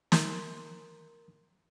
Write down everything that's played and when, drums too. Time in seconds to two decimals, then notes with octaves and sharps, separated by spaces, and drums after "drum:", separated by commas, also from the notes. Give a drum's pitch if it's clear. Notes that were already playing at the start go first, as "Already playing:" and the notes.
0.12 A#4 A#5 C6, drum: snare